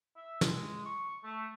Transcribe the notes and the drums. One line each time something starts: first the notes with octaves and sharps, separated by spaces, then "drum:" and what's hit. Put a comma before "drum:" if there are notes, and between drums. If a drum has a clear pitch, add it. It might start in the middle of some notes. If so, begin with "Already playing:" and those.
E5
G#3, drum: snare
C#6
A3